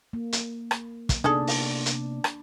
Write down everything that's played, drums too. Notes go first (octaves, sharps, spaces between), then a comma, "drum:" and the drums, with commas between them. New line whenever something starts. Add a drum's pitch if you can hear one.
A#3
drum: hi-hat
drum: rim click
drum: kick, hi-hat
C3 A#3 B3 D4 D#4 G#4 A4
drum: open hi-hat
drum: hi-hat
drum: rim click